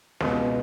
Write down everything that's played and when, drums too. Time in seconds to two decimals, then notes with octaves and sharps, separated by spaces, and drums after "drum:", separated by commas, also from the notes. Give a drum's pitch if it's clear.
0.20 C#2 B2, drum: snare